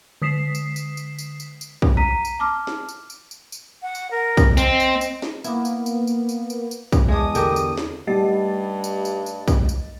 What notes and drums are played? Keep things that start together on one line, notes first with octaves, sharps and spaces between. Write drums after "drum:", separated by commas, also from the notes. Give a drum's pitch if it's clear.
D3 D#6 B6 C7 E7
drum: tambourine
drum: tambourine
drum: tambourine
drum: tambourine
drum: tambourine
drum: tambourine
drum: kick
A#5 B6 D#7
drum: tambourine
A5 D6 F6
drum: snare
drum: tambourine
drum: tambourine
drum: tambourine
drum: tambourine
F#5
drum: tambourine
A#4
drum: kick, tambourine
C4 D#5, drum: tambourine
drum: tambourine
drum: tambourine
drum: snare
A#3 B3 E4, drum: tambourine
drum: tambourine
drum: tambourine
drum: tambourine
drum: tambourine
drum: tambourine
drum: tambourine
drum: kick, tambourine
E2 G#3 D4 D#6
D3 G4 A#4, drum: tambourine
drum: tambourine
drum: snare
G2 G3 A3 D#5 A6
drum: tambourine
drum: tambourine
drum: tambourine
drum: kick, tambourine
drum: tambourine